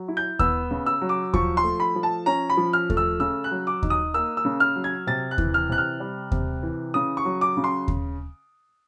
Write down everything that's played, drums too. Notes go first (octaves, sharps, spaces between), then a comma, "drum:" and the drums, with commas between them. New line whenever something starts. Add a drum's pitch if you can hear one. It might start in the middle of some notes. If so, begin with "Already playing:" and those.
Already playing: F#3
E4
G6
B3 E6, drum: kick D#2
C#3
E6
F#3
D6
F3 C#6, drum: kick D#2
C6
A3
B5
F3
A5
C#4 A#5
B5
F3
F6
A3, drum: kick D#2
E6
C#3 E6
F#6
F#3
D6
D#4, drum: kick D#2
D#6
A#3 E6
E6
C#3
F6
F#3
G#6
C3 A6
F#6
E3, drum: kick D#2
F6
C3 F#6
F6
G3
C3, drum: kick D#2
E3
C#3 D#6
C#6
F#3
D6
C#3
C6
drum: kick D#2